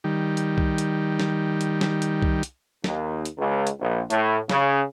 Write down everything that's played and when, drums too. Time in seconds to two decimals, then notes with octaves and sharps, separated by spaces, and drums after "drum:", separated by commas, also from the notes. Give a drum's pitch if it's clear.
0.04 D#3 G3
0.37 drum: hi-hat
0.58 drum: kick
0.78 drum: hi-hat
1.19 drum: snare
1.61 drum: hi-hat
1.81 drum: snare
2.02 drum: hi-hat
2.22 drum: kick
2.43 drum: hi-hat
2.84 D#2, drum: snare
3.25 drum: hi-hat
3.38 C#2
3.67 drum: hi-hat
3.81 A#1
4.10 A2, drum: hi-hat
4.50 C#3, drum: snare